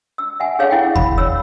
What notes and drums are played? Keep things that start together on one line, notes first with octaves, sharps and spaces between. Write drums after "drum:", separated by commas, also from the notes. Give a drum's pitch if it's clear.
E6
E5 F#5 G#5
G#4 A4 C#5 F5 G#5
E4 F#5 G5
B5, drum: kick D#2
C#5 E6